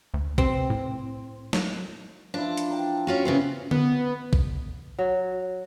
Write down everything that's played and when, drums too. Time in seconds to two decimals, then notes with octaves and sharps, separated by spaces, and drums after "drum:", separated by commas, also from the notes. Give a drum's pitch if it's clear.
0.14 D2
0.38 C3 C4, drum: kick A#1
0.70 A2
1.53 F#3, drum: snare
2.34 F3 D4 E4
2.57 drum: hi-hat
2.70 G5 A#5
3.07 C#4 F4 F#4
3.25 C#3 E3 B3 C4
3.71 B3, drum: tom D3
4.33 drum: kick A#1
4.99 F#3